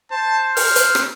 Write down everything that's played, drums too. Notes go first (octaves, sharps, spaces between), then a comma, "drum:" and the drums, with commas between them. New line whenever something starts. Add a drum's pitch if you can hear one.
C5 A5
F6, drum: open hi-hat
drum: hi-hat
drum: rim click